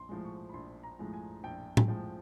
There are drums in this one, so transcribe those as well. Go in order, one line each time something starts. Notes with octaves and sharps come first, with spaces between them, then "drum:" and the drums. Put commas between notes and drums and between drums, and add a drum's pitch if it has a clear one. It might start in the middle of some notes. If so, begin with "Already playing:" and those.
Already playing: A#1 C6
A2 F3 G#3
C#6
B5
A#1 C6
A#5
A2 F3 G#3
G#5
A#1 G5
drum: tom A2
A2 F3 G#3